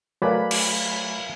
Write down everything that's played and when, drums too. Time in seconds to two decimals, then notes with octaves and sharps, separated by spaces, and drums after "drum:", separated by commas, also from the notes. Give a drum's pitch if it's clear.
0.22 F#3 A3 A#4 B4 D5 F5 G#5 B5
0.51 drum: cymbal